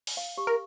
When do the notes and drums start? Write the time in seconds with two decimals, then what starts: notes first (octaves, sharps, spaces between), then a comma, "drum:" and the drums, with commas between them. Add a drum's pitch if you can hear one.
0.07 drum: open hi-hat
0.17 F5
0.37 G4
0.47 A#4